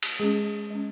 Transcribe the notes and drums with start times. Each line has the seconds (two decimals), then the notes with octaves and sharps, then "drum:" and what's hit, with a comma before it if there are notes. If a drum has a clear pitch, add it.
0.03 drum: cymbal
0.19 G#3 C#4 G#4
0.70 G#3 C#4